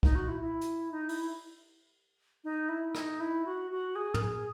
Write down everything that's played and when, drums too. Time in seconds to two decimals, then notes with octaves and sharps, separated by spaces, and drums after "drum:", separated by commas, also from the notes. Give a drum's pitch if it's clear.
0.03 D#4, drum: kick
0.15 F#4
0.28 E4
0.41 E4
0.61 drum: hi-hat
0.91 D#4
1.09 E4, drum: open hi-hat
2.44 D#4
2.69 E4
2.95 D#4, drum: rim click
3.20 E4
3.45 F#4
3.71 F#4
3.96 G#4
4.14 A#4, drum: tom
4.22 G#4